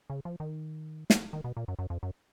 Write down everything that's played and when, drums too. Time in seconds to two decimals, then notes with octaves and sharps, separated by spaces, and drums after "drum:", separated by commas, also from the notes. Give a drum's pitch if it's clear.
0.10 C#3
0.25 F3
0.40 D#3
1.10 drum: snare
1.33 D#3
1.44 B2
1.57 A#2
1.68 F#2
1.79 F#2
1.90 F2
2.03 F#2